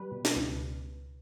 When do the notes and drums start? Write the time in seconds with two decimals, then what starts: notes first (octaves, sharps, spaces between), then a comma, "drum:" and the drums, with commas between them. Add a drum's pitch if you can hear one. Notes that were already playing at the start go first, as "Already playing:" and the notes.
Already playing: G3 B4
0.12 B2
0.25 drum: snare
0.36 C#2